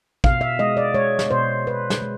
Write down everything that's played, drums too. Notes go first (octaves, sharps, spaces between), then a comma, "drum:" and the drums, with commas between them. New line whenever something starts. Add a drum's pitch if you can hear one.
B2 F5, drum: kick
E5
G#3 D#5
D5
G#3 C#5
drum: snare
B2 C5
B2 B4
drum: snare
G#3